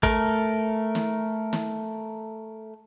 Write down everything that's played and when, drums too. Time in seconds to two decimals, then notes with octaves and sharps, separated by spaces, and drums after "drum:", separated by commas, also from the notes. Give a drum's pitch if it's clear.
0.03 A3 A#4, drum: kick
0.95 drum: snare
1.53 drum: snare